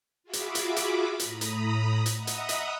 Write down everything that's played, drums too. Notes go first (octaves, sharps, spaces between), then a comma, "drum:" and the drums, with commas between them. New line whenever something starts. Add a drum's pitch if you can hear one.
F4 F#4 G#4 E5 B5 D6
drum: hi-hat
drum: hi-hat
drum: hi-hat
A2 A#5 B5 D#6, drum: hi-hat
drum: hi-hat
drum: hi-hat
D#5 E5 F#5 A#5 B5 D#6
drum: hi-hat
drum: hi-hat